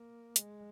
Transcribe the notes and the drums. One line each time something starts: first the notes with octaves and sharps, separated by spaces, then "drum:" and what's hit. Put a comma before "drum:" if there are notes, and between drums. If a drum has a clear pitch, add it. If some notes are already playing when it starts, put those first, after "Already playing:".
Already playing: A#3
G#3, drum: hi-hat